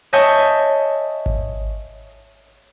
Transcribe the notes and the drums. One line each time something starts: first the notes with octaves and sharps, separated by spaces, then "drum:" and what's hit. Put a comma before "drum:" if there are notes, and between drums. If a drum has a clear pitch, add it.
C#5 D#5 E5 G#5 A5 G6
drum: kick G#1